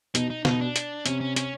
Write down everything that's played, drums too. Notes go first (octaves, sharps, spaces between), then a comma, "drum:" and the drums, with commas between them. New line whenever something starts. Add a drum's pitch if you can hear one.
B2 D#4, drum: hi-hat
D#4
B2 D#4, drum: snare
D4
drum: hi-hat
C3 C#4, drum: hi-hat
C#4
C#4, drum: hi-hat